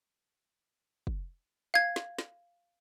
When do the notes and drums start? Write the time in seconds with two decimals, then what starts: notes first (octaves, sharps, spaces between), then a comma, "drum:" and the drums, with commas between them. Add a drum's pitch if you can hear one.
1.07 drum: kick
1.74 F5 G#6
1.96 drum: snare
2.19 drum: snare